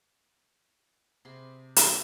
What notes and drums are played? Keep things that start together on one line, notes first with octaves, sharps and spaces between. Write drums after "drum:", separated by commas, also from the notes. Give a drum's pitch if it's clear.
C3 G#4 B5 C6
drum: hi-hat